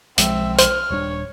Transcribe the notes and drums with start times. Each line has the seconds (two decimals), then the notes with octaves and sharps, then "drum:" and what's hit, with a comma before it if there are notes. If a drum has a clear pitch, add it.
0.18 B1 F3 G#3 C4 E5, drum: hi-hat
0.59 C5 F6, drum: hi-hat
0.90 D#1 G3 D4 C#5